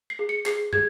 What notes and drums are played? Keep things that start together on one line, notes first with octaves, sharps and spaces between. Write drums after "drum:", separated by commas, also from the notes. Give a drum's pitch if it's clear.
C7
G#4
C#7
G#4 C7, drum: clap
G#4 G#6, drum: tom